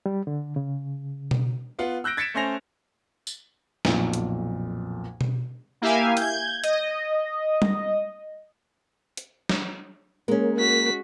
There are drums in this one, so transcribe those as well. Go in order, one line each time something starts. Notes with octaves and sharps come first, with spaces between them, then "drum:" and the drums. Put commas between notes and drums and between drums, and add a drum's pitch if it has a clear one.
G3
D3
C#3
drum: tom B2
B3 F4 F#5
E6 F#6 G6 A#6 D7
G#6 A6 B6 C#7 D7 E7
A3 C#4 C5 G#5 A#6 F7
drum: tambourine
B1 F2 A#2, drum: snare
drum: hi-hat
drum: tom B2
A#3 E4 G4 E5 F5 G#5
G6 G#6, drum: hi-hat
D#5, drum: hi-hat
drum: tom G3
drum: hi-hat
drum: snare
G#3 A#3 C#4
F#4 B6